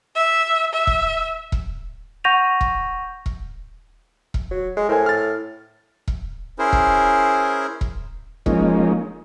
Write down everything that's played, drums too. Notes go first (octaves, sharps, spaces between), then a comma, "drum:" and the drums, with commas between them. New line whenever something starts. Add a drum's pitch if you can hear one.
E5
E5
drum: kick E1
drum: kick E1
F#5 C#6 G6 A#6 D#7 F7
drum: kick E1
drum: kick E1
drum: kick E1
F#3
G#3
A2 A#4 C5 G#5
F6 A6
drum: kick E1
C#4 E4 G#4 A#4 C5
drum: kick E1
drum: kick E1
F3 G#3 A#3 C#4 D#4, drum: kick E1